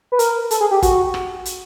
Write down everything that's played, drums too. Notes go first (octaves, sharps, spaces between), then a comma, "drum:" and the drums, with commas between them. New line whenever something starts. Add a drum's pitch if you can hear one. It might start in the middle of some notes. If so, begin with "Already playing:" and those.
B4
A#4, drum: hi-hat
A4, drum: hi-hat
G#4
G4
F#4, drum: kick, hi-hat
drum: rim click
drum: hi-hat